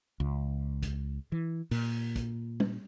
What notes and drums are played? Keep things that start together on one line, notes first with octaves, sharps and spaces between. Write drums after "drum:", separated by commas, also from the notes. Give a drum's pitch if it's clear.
C#2
drum: kick, hi-hat
E3
A#2, drum: open hi-hat
drum: kick, hi-hat
drum: tom G3